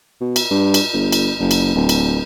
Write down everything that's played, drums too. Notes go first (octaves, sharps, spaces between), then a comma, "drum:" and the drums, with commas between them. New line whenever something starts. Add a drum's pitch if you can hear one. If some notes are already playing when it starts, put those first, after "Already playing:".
B2
drum: cymbal
G2
drum: cymbal
G1
drum: cymbal
F#1
drum: cymbal
D1
drum: cymbal